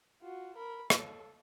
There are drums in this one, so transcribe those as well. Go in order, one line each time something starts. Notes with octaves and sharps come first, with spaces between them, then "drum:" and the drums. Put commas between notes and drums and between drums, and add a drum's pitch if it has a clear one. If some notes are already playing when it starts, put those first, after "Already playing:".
F4 F#4
A#4 B5
A4, drum: rim click